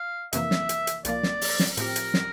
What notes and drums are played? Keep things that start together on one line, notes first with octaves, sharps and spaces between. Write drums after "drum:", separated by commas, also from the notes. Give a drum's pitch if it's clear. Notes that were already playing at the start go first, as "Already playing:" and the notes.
Already playing: F5
F2 C3 E3 A#3 E5, drum: hi-hat
drum: snare
drum: hi-hat
drum: hi-hat
C2 A#2 F3 A#3 F4 D5, drum: hi-hat
drum: snare
drum: open hi-hat
drum: snare
A2 F3 C4 G4 A#4, drum: hi-hat
drum: hi-hat
drum: snare